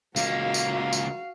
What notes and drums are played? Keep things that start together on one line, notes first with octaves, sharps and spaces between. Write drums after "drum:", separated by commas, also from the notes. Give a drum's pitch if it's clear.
C#2 A#3 F#4 F5, drum: tambourine
drum: tambourine
drum: tambourine